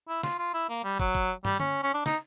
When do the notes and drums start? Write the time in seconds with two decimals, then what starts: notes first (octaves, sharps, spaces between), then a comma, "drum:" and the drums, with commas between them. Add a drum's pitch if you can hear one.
0.09 E4
0.23 F4, drum: snare
0.39 F4
0.54 E4
0.69 A#3
0.84 G3
0.99 F#3, drum: kick
1.15 drum: kick
1.45 G3, drum: tom
1.60 C#4, drum: tom D3
1.83 C#4
1.94 D4
2.06 D#4, drum: snare